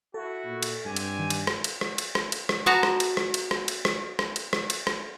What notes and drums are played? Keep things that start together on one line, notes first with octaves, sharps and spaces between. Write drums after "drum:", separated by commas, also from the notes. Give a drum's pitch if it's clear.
E4 F#4 A4
A#2
drum: cymbal
G2 C4 G4 G#5
drum: cymbal
D#3
drum: cymbal
drum: rim click
drum: cymbal
drum: rim click
drum: cymbal
drum: rim click
drum: cymbal
drum: rim click
B3 F#4 A5 A#5
drum: rim click
drum: cymbal
drum: rim click
drum: cymbal
drum: rim click
drum: cymbal
drum: rim click
drum: rim click
drum: cymbal
drum: rim click
drum: cymbal
drum: rim click